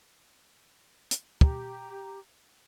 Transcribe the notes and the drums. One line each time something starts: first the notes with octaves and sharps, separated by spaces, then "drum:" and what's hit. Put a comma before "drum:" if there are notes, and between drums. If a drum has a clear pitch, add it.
drum: hi-hat
G4 A#5, drum: kick